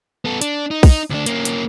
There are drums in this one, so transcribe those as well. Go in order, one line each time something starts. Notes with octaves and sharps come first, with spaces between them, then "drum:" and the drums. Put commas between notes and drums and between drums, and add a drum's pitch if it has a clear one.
B3 A4
D4, drum: hi-hat
D#4
drum: kick, open hi-hat
D2 D4
A#3 C#4, drum: hi-hat
drum: hi-hat